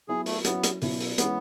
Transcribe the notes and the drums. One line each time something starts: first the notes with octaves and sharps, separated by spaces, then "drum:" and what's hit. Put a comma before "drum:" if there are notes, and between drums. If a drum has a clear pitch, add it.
F#3 B3 E4 G#4
A3, drum: open hi-hat
F#3 B3 C#4 E4, drum: hi-hat
drum: hi-hat
B2 F#3 C#4 E4, drum: open hi-hat
drum: open hi-hat
E3 G#3 B3 C#4 E4, drum: hi-hat